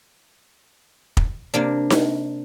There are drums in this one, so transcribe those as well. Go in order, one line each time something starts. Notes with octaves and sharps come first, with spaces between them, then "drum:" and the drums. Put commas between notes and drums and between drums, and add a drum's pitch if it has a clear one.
drum: kick
C3 A#3 D4
drum: snare D#4